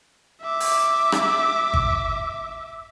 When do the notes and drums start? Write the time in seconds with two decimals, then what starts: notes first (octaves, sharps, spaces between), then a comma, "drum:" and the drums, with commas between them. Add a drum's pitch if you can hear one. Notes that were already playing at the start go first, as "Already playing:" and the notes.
0.41 E5 D6
0.60 drum: open hi-hat
1.12 drum: rim click
1.74 drum: kick G#1